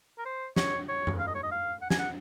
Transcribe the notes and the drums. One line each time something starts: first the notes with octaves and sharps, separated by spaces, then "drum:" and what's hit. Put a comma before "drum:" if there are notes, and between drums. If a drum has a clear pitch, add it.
A#4
C5
C#5, drum: snare
C#5
drum: tom F#2
F5
D#5
C#5
D#5
F5
F#5
G#5, drum: snare
F#5